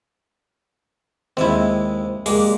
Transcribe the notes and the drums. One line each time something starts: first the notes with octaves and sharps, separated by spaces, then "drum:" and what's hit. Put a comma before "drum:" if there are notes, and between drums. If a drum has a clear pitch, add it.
D#2 G#3 C4 E4 E5
G#3 A#3 D4 G4, drum: open hi-hat